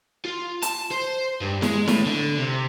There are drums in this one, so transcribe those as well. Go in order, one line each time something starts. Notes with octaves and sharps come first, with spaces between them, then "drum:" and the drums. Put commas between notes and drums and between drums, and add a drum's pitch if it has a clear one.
F4
A5, drum: hi-hat
C5
G2
G#3, drum: snare E4
A2, drum: snare E4
D3
C3